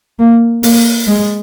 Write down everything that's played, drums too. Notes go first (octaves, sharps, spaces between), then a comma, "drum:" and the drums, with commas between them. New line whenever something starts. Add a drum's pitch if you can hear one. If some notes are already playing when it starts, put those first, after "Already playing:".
A#3
A#3, drum: open hi-hat
G#3